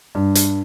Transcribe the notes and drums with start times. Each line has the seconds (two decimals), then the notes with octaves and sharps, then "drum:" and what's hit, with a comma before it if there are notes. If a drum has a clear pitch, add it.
0.15 G2
0.35 drum: hi-hat